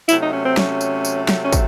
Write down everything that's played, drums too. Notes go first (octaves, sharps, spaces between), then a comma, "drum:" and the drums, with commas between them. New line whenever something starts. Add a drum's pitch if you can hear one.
C3 F#3 A3 E4, drum: tambourine
D#4
C#4
C4
C#4, drum: snare
drum: tambourine
drum: tambourine
drum: snare
C#4
drum: kick, tambourine